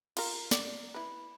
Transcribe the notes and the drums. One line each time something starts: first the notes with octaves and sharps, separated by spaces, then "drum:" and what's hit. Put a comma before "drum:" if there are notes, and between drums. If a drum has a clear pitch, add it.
F4 A#4, drum: cymbal
D5, drum: snare
E4 B4